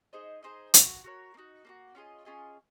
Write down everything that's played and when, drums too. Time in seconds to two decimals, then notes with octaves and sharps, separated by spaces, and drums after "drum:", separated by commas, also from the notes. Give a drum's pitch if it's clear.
0.13 D#4 G#4 C5 D#5
0.43 D#4 G#4 C5 D#5
0.74 F#4 A#4 C#5, drum: hi-hat
1.04 F#4 A#4 C#5
1.34 A#3
1.37 D#4 F#4
1.65 A#3 D#4 F#4
1.95 C#4 F4 G#4 D#5
2.25 C#4 F4 G#4 D#5